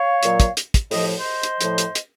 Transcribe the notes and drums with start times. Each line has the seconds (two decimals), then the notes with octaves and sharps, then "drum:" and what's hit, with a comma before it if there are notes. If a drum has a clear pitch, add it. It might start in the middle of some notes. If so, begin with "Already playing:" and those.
Already playing: C#5 F5
0.23 A#2 F#3, drum: hi-hat
0.40 drum: kick, hi-hat
0.57 drum: hi-hat
0.74 drum: kick, hi-hat
0.91 A2 F3 D#5, drum: open hi-hat
1.05 C#5
1.18 C5 D#5
1.43 drum: hi-hat
1.61 A2 F3, drum: hi-hat
1.78 drum: hi-hat
1.95 drum: hi-hat